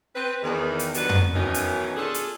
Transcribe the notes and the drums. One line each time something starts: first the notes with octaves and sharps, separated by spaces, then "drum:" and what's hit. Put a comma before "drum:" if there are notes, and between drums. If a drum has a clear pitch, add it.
C4 B4
E2 D#3
drum: hi-hat
D3 F#3 G3 B3 F#4 B4, drum: hi-hat
drum: tom
F#2 B2 D#3 E3 C#4 D#4
drum: hi-hat
D4 F4 G#4 A4
drum: hi-hat